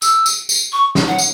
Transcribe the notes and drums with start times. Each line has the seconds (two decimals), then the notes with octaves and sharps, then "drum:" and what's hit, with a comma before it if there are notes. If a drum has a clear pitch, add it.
0.02 E6, drum: tambourine
0.26 drum: tambourine
0.49 drum: tambourine
0.73 C#6
0.95 drum: snare
1.07 F#5
1.18 drum: tambourine